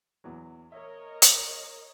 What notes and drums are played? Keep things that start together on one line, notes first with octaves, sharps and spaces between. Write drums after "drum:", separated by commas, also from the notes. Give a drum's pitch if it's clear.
E2 E3 F#3
A#4 C#5 D#5 E5
drum: hi-hat